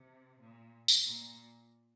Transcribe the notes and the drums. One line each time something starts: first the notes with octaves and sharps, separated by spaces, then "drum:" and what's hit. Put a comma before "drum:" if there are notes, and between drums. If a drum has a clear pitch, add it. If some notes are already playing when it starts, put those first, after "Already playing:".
Already playing: C3
A#2
drum: tambourine
A#2